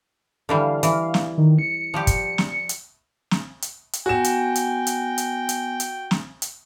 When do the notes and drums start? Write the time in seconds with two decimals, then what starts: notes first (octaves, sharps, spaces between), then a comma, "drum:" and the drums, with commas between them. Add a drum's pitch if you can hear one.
0.49 D3 E3 G3 F5
0.83 E3, drum: hi-hat
1.14 drum: snare
1.38 D#3
1.59 C#7
1.94 F3 G3 G4
2.07 drum: kick, hi-hat
2.38 drum: snare
2.69 drum: hi-hat
3.31 drum: snare
3.62 drum: hi-hat
3.93 drum: hi-hat
4.06 B3 F#4 G5 G#5 E7
4.24 drum: hi-hat
4.56 drum: hi-hat
4.87 drum: hi-hat
5.18 drum: hi-hat
5.49 drum: hi-hat
5.80 drum: hi-hat
6.11 drum: snare
6.42 drum: hi-hat